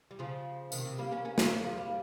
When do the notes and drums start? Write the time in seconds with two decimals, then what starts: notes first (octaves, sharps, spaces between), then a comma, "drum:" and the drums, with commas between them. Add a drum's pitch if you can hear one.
0.11 G3
0.19 C#3 F3
0.72 C3 D#3, drum: tambourine
0.85 C3
0.98 G3 A#3
1.11 A#3 C#4
1.25 A#3 C#4
1.38 G#3 C4, drum: snare
1.51 G3 A#3
1.64 F3 G#3
1.77 G3 A#3